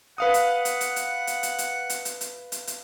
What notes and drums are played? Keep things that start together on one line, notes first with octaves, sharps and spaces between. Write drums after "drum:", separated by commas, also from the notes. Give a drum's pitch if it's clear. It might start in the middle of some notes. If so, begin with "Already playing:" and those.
B4 F5 F#5 D#6
drum: hi-hat
drum: hi-hat
drum: hi-hat
drum: hi-hat
drum: hi-hat
drum: hi-hat
drum: hi-hat
drum: hi-hat
drum: hi-hat
drum: hi-hat
drum: hi-hat
drum: hi-hat